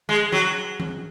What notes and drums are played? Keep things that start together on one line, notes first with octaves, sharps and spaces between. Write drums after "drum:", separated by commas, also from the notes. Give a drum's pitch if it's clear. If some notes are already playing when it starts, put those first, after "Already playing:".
G#3
F#3
drum: tom E3